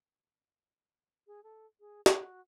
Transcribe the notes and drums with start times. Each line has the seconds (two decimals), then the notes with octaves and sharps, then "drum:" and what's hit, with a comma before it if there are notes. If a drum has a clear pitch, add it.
1.27 G#4
1.43 A4
1.80 G#4
2.06 F#4, drum: snare